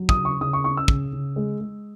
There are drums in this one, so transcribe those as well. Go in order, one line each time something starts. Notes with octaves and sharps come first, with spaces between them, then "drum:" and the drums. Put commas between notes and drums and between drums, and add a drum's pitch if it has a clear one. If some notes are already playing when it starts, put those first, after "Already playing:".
Already playing: F#3
D#6, drum: kick
C#3
C#6
C#3 D#6
C#6
C#4 C#6
E6
C#3, drum: kick
C#3
G#3
G#3